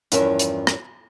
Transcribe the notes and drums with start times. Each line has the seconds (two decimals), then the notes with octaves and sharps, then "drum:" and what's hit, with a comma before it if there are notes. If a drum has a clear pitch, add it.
0.12 E2 G2 F3 C#4 A#4 E5, drum: hi-hat
0.39 drum: hi-hat
0.67 drum: rim click